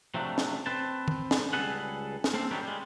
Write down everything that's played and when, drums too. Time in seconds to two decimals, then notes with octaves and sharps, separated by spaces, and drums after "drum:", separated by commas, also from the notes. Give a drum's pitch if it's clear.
0.14 C3 F3 F#3 A3 D4
0.38 drum: snare
0.66 C4 B4 C5 A5
1.08 drum: tom
1.31 drum: snare
1.53 C#2 G3 G#4 A4 B4 F#5
2.24 drum: snare
2.34 A#3 C4 A4 C5
2.51 D#3 F#3 G3 B3 G4
2.64 G3 G#3